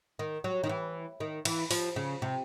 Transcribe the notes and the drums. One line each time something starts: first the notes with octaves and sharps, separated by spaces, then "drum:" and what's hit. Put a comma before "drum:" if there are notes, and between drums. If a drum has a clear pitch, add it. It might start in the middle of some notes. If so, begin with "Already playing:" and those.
D#3
F#3
D#3
E3
D#3
E3, drum: cymbal
F3, drum: open hi-hat
C#3
C3